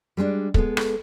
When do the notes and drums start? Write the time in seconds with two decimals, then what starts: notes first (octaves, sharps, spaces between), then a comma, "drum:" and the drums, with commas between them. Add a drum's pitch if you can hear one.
0.17 G3 G#3 C4 D4
0.54 G#3 B3 A4, drum: kick
0.77 drum: rim click